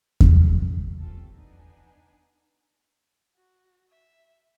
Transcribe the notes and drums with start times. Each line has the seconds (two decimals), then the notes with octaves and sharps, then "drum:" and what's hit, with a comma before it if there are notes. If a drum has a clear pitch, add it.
0.20 drum: kick E2
0.99 C4 C#4 F4 G4 A4
1.34 B3 D4 D#4 G#5
3.36 F#4
3.90 E5